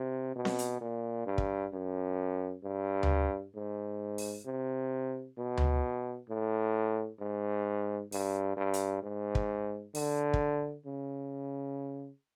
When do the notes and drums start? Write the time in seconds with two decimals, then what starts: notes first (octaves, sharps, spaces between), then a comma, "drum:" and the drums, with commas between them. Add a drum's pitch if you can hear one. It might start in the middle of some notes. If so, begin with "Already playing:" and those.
Already playing: C3
0.36 B2
0.45 drum: snare C4
0.59 drum: hi-hat
0.81 A#2
1.26 G2
1.38 drum: kick
1.73 F#2
2.64 G2
3.03 drum: tom D2
3.56 G#2
4.18 drum: open hi-hat
4.46 C3
5.38 B2
5.57 drum: tom D2
6.29 A2
7.20 G#2
8.12 G2, drum: open hi-hat
8.57 G2
8.74 drum: hi-hat
9.03 G#2
9.35 drum: kick
9.95 D3, drum: open hi-hat
10.34 drum: kick
10.86 C#3